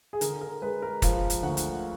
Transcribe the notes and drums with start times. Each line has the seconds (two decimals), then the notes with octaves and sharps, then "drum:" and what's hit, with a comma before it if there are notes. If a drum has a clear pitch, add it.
0.13 G#4
0.21 D3 A#4, drum: hi-hat
0.41 A#4
0.62 G#3 B4
0.82 A#4
1.02 F3 F5, drum: kick, hi-hat
1.30 drum: hi-hat
1.43 D2 F#5
1.57 drum: hi-hat